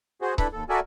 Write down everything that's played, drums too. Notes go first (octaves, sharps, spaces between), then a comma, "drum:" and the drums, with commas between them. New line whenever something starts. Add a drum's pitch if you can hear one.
F#4 G#4 C5
D4 E4 A4 B4 B5, drum: kick C#1
D#2 A4
F#4 A4 A#4 D5 E5 G#5